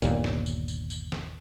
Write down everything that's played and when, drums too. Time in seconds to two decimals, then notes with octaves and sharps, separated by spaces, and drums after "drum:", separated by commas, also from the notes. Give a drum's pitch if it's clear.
0.02 G1 D#2 A#2, drum: tambourine
0.24 drum: snare
0.46 drum: tambourine
0.68 drum: tambourine
0.90 drum: tambourine
1.12 drum: snare